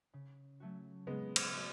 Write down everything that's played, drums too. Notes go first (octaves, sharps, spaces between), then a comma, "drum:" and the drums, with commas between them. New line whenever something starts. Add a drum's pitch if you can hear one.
C#3
F#3 A3 C#4 F#4
C#3 G#3 B3
drum: cymbal
F#3 A3 C#4 F#4